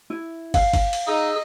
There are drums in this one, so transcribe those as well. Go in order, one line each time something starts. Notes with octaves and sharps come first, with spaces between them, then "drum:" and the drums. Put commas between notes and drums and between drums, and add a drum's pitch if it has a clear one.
E4
F5, drum: kick, cymbal
drum: kick, cymbal
drum: cymbal
D#4 G#4 D#5 E6